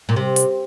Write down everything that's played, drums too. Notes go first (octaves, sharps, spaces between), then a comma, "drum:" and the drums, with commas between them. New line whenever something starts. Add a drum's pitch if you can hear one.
A#2
C3
drum: hi-hat